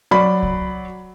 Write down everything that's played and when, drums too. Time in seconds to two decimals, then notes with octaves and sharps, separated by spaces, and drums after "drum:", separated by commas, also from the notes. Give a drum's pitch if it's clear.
0.11 F#3 D5 B5
0.43 drum: kick C2